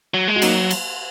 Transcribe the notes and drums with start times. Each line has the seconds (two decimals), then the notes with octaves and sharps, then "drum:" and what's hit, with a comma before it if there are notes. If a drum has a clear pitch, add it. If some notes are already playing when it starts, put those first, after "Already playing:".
0.14 F#3
0.28 G#3
0.36 F#4
0.42 F#3 A#3 D#4, drum: cymbal
0.71 drum: cymbal